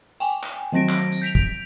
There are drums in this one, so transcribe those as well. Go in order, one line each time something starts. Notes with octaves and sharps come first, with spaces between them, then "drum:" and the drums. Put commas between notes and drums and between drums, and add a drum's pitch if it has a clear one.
G5 G#5, drum: tambourine
drum: clap
D#3 F#3 C4 A#6 D7
drum: clap
drum: tambourine
G6 B6 D7 F7
drum: kick